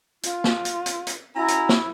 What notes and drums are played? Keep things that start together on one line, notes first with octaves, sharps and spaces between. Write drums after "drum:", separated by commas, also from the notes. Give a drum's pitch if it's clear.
F4, drum: hi-hat
drum: snare
drum: hi-hat
drum: hi-hat
drum: hi-hat
C#4 E4 F#4 A#5
drum: hi-hat
drum: snare